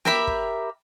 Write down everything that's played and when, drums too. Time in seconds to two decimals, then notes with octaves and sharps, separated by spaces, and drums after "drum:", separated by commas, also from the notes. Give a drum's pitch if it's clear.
0.05 G4 A#4 E5 B5, drum: snare
0.27 drum: kick